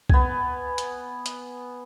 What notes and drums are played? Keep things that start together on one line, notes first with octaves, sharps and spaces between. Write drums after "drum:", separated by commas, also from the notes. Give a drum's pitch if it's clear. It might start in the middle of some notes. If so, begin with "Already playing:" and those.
B3 G#5, drum: kick B1
drum: hi-hat
drum: hi-hat